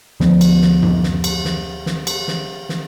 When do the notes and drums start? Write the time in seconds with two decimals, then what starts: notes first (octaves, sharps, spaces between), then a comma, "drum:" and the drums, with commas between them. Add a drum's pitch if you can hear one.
0.20 D2 F3 B3, drum: snare
0.41 drum: cymbal
0.62 drum: snare
0.82 drum: tom F#2
1.03 drum: snare
1.24 drum: cymbal
1.45 drum: snare
1.86 drum: snare
2.07 drum: cymbal
2.28 drum: snare
2.69 drum: snare